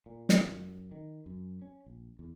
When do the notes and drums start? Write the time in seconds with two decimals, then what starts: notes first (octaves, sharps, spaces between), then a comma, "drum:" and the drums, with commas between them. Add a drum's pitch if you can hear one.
0.06 A#2
0.29 drum: snare
0.48 F#2
0.91 D#3
1.26 F#2
1.62 C#4
1.86 A#1
2.19 E2